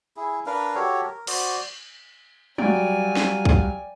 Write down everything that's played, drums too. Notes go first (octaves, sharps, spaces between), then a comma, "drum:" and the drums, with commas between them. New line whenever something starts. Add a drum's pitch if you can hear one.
E4 G#4
D4 A#4 B4 F5
F#4 G4 A4 C#5
A#4
F#4 C5 D5 D#6, drum: cymbal
F#3 G3 D5 F5 G5 G#5 D7, drum: tom G3
drum: snare
drum: kick